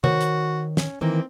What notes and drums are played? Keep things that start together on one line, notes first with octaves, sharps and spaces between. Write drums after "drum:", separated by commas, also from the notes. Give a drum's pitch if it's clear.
D#3 F#4 C5 C#5, drum: tom
drum: hi-hat
C#4, drum: snare
D#3 E3 A#3 C4